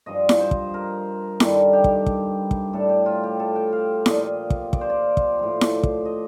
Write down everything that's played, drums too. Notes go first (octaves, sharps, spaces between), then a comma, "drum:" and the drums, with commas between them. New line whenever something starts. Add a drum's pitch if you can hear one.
G2 F3 D#5
drum: snare E4
C5
drum: kick
A#4
G2 D#3 G3 A4, drum: snare E4
G4
drum: kick
drum: kick
drum: kick
A2 G3 A4
G4
F4
G4
A4
G5
F5
A#2 F3 D#5, drum: snare E4
drum: kick
D5, drum: kick
C5
D5
drum: kick
A2 F3
drum: snare E4
drum: kick
D#5